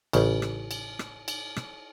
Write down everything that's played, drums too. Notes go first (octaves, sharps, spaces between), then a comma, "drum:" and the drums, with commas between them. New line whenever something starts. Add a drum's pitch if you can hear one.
A1 C#3, drum: cymbal
drum: rim click
drum: cymbal
drum: rim click
drum: cymbal
drum: rim click